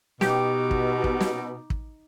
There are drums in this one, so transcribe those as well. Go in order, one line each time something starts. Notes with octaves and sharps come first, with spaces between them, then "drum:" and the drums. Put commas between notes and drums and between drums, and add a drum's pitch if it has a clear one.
B2 D#4 G4 D6, drum: snare
drum: kick
drum: kick
drum: snare
drum: kick